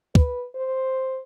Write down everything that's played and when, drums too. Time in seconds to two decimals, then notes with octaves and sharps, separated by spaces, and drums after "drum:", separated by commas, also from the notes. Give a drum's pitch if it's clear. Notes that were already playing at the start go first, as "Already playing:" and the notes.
0.15 B4, drum: kick
0.55 C5